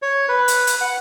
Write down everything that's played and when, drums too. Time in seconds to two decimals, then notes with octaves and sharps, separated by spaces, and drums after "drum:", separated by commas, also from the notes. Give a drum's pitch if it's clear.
0.02 C#5
0.29 B4
0.48 drum: hi-hat
0.67 drum: hi-hat
0.81 F#5